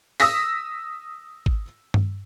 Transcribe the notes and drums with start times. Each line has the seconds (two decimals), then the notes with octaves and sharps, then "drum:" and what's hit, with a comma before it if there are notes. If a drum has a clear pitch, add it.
0.20 D#6 E6 A#6 B6, drum: open hi-hat
1.46 drum: kick
1.94 drum: tom G2